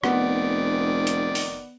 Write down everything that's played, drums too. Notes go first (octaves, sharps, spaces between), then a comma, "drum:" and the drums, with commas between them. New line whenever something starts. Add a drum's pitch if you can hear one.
F1 D#3 B3 D5, drum: rim click
drum: hi-hat
drum: open hi-hat